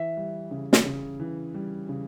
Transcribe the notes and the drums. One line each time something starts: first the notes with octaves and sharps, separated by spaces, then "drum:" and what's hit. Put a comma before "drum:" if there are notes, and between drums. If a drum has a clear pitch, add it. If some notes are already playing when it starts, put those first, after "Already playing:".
Already playing: E3 E5
G3
C#3
drum: snare
C#3
E3
G3
C#3